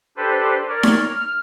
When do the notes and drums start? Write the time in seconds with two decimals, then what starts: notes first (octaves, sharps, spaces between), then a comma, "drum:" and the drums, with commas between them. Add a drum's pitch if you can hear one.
0.17 D4 G4 A4 B4 C5
0.69 A#4 C#5 D5
0.83 drum: snare D#4
1.03 F6